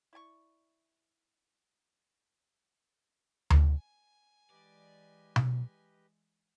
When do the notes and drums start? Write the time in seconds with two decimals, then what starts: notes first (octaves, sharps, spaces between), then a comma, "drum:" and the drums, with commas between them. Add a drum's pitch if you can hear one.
0.13 E4 D5 G#5 C#6
3.50 drum: tom D2
3.74 G#5
4.50 E3 G#3 G4 B4 D5 D#5
5.36 drum: tom B2